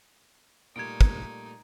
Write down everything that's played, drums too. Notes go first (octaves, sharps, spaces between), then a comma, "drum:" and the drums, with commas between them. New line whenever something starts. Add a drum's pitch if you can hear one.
A#2 G3 A3 D#4 G#6 D7
drum: kick